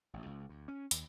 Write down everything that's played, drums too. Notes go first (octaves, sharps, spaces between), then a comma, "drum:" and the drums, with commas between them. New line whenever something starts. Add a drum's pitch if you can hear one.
A1
C#2
D2
C#4
D#2, drum: hi-hat